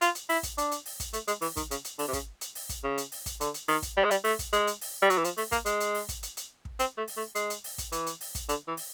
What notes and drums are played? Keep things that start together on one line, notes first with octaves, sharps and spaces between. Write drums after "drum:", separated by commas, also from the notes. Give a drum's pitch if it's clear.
F4, drum: hi-hat
drum: hi-hat
E4, drum: open hi-hat
drum: kick, hi-hat
D4, drum: hi-hat
drum: hi-hat
drum: open hi-hat
drum: kick, hi-hat
A3, drum: hi-hat
G#3, drum: hi-hat
E3, drum: open hi-hat
D#3, drum: kick, hi-hat
C#3, drum: hi-hat
drum: hi-hat
D3, drum: open hi-hat
C3
C#3, drum: kick, hi-hat
drum: hi-hat
drum: open hi-hat
drum: kick, hi-hat
C#3
drum: hi-hat
drum: open hi-hat
drum: kick, hi-hat
D3, drum: hi-hat
drum: hi-hat
D#3, drum: open hi-hat
drum: kick, hi-hat
G3
G#3
G3, drum: hi-hat
A3, drum: open hi-hat
drum: kick, hi-hat
G#3, drum: hi-hat
drum: hi-hat
drum: open hi-hat
G3
F#3, drum: hi-hat
E3
F3, drum: hi-hat
A3, drum: open hi-hat
A#3, drum: kick, hi-hat
G#3, drum: hi-hat
drum: hi-hat
drum: open hi-hat
drum: kick, hi-hat
drum: hi-hat
drum: hi-hat
drum: kick
C4, drum: hi-hat
A3
drum: open hi-hat
A3
G#3, drum: hi-hat
drum: hi-hat
drum: open hi-hat
drum: kick, hi-hat
E3, drum: hi-hat
drum: hi-hat
drum: open hi-hat
drum: kick, hi-hat
D3, drum: hi-hat
E3
drum: open hi-hat